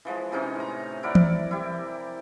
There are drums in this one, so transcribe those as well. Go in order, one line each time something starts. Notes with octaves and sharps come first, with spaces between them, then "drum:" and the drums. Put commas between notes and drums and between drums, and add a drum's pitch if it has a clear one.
E3 F3 G#3
C3 E3 C#4 D#4
A2 A#5
E4 A#4 D5 F#5
drum: tom E3
E4 G4